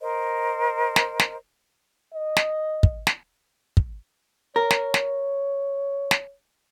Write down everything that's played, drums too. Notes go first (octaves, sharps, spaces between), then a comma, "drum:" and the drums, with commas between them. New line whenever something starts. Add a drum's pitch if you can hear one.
A#4 C5 D#5
drum: snare
drum: snare
D#5
drum: snare
drum: kick
drum: snare
drum: kick
A#4 C#5
drum: snare
drum: snare
drum: snare